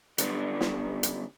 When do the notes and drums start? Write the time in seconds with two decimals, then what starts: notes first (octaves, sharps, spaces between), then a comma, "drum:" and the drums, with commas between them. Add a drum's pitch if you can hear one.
0.18 F#2 D3 G3 B3 D4, drum: hi-hat
0.61 drum: snare
1.03 drum: hi-hat